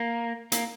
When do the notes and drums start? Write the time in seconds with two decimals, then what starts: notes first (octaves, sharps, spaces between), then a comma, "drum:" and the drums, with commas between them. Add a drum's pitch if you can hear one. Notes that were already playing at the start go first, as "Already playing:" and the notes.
Already playing: A#3
0.52 A#3, drum: hi-hat